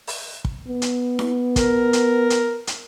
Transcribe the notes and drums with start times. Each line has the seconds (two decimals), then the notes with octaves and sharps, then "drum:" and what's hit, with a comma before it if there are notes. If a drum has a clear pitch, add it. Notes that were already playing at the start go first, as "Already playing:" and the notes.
0.07 drum: open hi-hat
0.45 drum: kick
0.68 B3
0.82 drum: hi-hat
1.19 drum: snare E4
1.56 A#4, drum: kick, hi-hat
1.93 drum: hi-hat
2.30 drum: hi-hat
2.67 drum: hi-hat